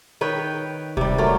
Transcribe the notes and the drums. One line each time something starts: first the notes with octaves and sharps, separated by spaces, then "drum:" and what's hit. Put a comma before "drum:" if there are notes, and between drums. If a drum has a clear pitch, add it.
D#3 B4 C#5 G5
C3 G3, drum: kick D#1
F#3 A3 A#4 D5